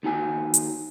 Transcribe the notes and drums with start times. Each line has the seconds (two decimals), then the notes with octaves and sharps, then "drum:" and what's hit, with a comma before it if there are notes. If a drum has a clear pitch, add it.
0.03 D#2 D#4 F#4 G#5
0.54 drum: hi-hat